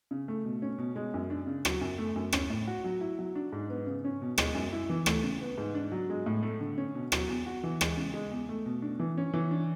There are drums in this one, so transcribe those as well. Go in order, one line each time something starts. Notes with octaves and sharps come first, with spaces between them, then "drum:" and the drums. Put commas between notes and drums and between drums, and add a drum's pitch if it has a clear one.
C#3
A3
B2
C#4
B2
G#3
F#2
D4
C#3
F#3, drum: rim click
F#2
A3
F#2
C#4, drum: rim click
A2
F#4
F#3
E4
F#3
D4
G#2
B3
C#3
C#4
B2
G#3, drum: rim click
F#2
E4
E3
A3, drum: rim click
C#3
B3
G#2
D4
F#3
G#3
A2
A3
D3
C#4
B2
F#3, drum: rim click
E2
F#4
E3
G#3, drum: rim click
C#3
G#3
E2
A3
B2
D4
E3
C#4
E3
D4